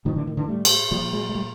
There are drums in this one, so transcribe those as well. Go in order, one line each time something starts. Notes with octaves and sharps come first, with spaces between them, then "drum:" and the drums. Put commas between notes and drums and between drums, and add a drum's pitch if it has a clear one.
A2 D#3 F3
D3 E3
D#3
D3 E3
G3 A3
drum: cymbal
A#2 F3 G3
F#3 G#3
G#3
G3 A3